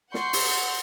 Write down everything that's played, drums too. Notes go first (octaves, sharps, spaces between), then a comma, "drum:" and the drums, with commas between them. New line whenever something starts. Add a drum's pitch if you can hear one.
F#5 C6 C#6 G6, drum: snare
drum: open hi-hat